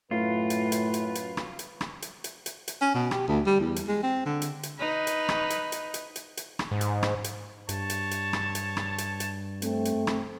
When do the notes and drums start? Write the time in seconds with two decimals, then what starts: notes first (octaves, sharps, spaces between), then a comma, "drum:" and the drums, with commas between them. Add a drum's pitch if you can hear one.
0.11 F#2 A2 F4 B4
0.50 drum: hi-hat
0.72 drum: hi-hat
0.94 drum: hi-hat
1.15 drum: hi-hat
1.37 drum: rim click
1.59 drum: hi-hat
1.81 drum: rim click
2.02 drum: hi-hat
2.24 drum: hi-hat
2.46 drum: hi-hat
2.68 drum: hi-hat
2.81 C#4
2.94 B2
3.11 G4, drum: rim click
3.28 D2
3.46 G3
3.60 E2
3.76 drum: hi-hat
3.88 G#3
4.03 C4
4.25 D3
4.42 drum: hi-hat
4.63 drum: hi-hat
4.79 D#4 B4
5.07 drum: hi-hat
5.29 drum: rim click
5.50 drum: hi-hat
5.72 drum: hi-hat
5.94 drum: hi-hat
6.16 drum: hi-hat
6.37 drum: hi-hat
6.59 drum: rim click
6.71 G#2
6.81 drum: hi-hat
7.03 drum: rim click
7.24 drum: hi-hat
7.69 G2 C#5 A5, drum: hi-hat
7.90 drum: hi-hat
8.11 drum: hi-hat
8.33 drum: rim click
8.55 drum: hi-hat
8.77 drum: rim click
8.98 drum: hi-hat
9.20 drum: hi-hat
9.62 A3 C4, drum: hi-hat
9.85 drum: hi-hat
10.07 drum: rim click